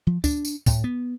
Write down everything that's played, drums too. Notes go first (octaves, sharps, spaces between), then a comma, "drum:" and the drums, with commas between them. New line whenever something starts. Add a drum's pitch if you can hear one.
F3
D4, drum: kick, tambourine
drum: tambourine
A2, drum: kick, tambourine
B3